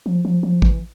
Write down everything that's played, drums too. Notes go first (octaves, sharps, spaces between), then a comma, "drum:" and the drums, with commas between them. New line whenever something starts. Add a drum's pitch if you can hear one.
F3
F3
F3
E3, drum: kick